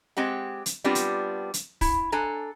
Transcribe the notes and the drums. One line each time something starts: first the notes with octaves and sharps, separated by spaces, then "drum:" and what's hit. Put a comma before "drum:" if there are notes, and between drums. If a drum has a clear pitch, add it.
G#3 C4 G4 F#5
drum: hi-hat
G3 B3 C4 D4 F4 G4
drum: hi-hat
drum: hi-hat
E4, drum: kick, open hi-hat
D4 A4 G#5 A#5